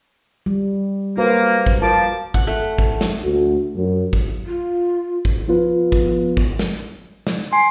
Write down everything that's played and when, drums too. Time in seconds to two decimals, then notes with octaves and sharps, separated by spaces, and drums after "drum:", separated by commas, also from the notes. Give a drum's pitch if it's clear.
0.46 G3
1.17 A#3 F#4 B4 C5
1.66 drum: kick G#1
1.82 F3 A#4 A5 D6
2.34 F#5, drum: kick G#1
2.47 A3
2.78 drum: kick G#1
3.01 drum: snare
3.23 D2
3.75 F#2
4.13 drum: kick G#1
4.46 F4
5.25 drum: kick G#1
5.48 F3 B3 F4 B4
5.92 drum: kick G#1
6.37 drum: kick G#1
6.59 drum: snare
7.27 drum: snare
7.53 G#5 C6